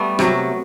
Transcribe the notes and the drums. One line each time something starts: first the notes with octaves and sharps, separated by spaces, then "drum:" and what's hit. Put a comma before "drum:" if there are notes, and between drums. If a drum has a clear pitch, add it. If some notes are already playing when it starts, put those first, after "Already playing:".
Already playing: G3 A3 B3
C3 F#3, drum: rim click